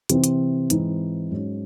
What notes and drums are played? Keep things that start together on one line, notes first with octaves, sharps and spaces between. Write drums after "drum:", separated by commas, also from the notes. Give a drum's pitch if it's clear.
C3 E3 C4, drum: hi-hat
drum: hi-hat
G#2 E3 C4 D#4, drum: hi-hat
G#2 F#3 C#4